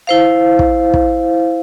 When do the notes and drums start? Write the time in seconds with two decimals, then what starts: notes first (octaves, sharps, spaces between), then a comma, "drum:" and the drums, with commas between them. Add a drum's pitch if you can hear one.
0.07 E4 C5 F5
0.59 drum: kick
0.94 drum: kick